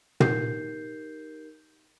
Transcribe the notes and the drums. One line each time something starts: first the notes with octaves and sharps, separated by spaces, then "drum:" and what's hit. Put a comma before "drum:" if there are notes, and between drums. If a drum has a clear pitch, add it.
D#4 G4 A#4 G6 C7, drum: tom